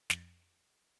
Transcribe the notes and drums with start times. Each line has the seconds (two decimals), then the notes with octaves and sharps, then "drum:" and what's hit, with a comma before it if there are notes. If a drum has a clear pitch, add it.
0.10 F2, drum: snare